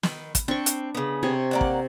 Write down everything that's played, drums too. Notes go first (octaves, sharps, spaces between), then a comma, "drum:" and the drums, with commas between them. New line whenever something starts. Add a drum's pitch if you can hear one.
D#3 B5, drum: snare
drum: kick, hi-hat
C4 D4 B5 C#6
drum: hi-hat
C#3 B3
C3 C#5 D#5
A#3 D5 F#5
drum: kick